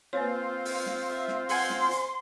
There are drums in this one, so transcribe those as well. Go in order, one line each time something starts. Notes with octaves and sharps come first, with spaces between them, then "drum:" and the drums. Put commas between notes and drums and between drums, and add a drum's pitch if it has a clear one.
A#3 C4 F4 B4 C#5
drum: open hi-hat
drum: snare
E5
drum: snare
C5 F#5 G#5 C6, drum: open hi-hat
drum: snare
drum: hi-hat